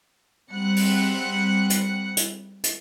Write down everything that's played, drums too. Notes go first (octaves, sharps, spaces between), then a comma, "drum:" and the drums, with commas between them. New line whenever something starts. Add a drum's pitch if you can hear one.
G3 C4 F#5 F#6 C#7
drum: open hi-hat
drum: hi-hat
drum: hi-hat
drum: hi-hat